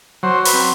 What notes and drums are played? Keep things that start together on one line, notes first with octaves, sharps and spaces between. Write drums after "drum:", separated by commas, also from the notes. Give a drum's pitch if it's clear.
F#3 C5
B4, drum: open hi-hat
C4